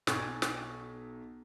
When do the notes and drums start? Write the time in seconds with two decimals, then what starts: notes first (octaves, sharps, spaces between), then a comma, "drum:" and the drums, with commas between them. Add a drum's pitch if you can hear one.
0.07 B1 G#5 A#5 C#6 G#6 A6, drum: snare
0.42 drum: snare